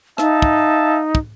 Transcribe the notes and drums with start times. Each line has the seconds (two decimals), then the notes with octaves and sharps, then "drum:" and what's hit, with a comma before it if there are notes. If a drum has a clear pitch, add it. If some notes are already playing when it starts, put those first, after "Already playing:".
0.18 D#4 E5 F5 A5, drum: rim click
0.42 drum: kick
1.15 drum: kick